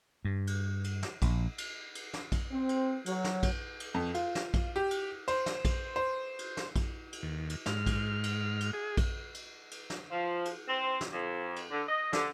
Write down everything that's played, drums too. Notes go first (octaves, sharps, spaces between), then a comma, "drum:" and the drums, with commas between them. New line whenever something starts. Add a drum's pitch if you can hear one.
G2
drum: cymbal
drum: cymbal
drum: snare
A#1, drum: kick A#1, cymbal
drum: cymbal
drum: cymbal
drum: snare
drum: kick A#1, cymbal
C4
drum: cymbal
F#3, drum: cymbal
drum: snare
drum: kick A#1, cymbal
drum: cymbal
F2
F4, drum: cymbal
drum: snare
drum: kick A#1, cymbal
G4
drum: cymbal
C5, drum: cymbal
drum: snare
drum: kick A#1, cymbal
C5
drum: cymbal
drum: snare
drum: kick A#1, cymbal
drum: cymbal
D#2
drum: cymbal
G#2 F6, drum: snare
drum: kick A#1, cymbal
drum: cymbal
drum: cymbal
G#4
drum: kick A#1, cymbal
drum: cymbal
drum: cymbal
drum: snare
F3
drum: cymbal
C4
drum: snare
F2
drum: cymbal
D3
D#5
D3, drum: snare